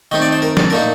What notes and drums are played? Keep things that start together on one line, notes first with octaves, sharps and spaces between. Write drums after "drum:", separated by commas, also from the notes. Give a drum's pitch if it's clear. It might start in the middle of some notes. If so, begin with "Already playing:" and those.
D#3 A3 C4 D#4 D#5
D5
C5
A#4
A4, drum: snare
A#2 A3 D#4 A#4